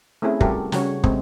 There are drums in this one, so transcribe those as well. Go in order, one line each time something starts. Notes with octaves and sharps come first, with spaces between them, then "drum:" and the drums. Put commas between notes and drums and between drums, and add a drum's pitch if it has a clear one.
A3 C4 C#4 E4 G#4
G3 F#4 G4 A4 A#4, drum: kick
C#3 G3 F#4 C#5, drum: snare
G#3 A3 C4, drum: kick